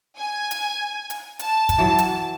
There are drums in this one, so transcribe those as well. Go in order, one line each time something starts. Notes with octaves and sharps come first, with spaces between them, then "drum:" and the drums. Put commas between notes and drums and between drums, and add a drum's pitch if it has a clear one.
G#5
drum: hi-hat
drum: hi-hat
A5, drum: hi-hat
drum: kick, hi-hat
E3 F#3
drum: hi-hat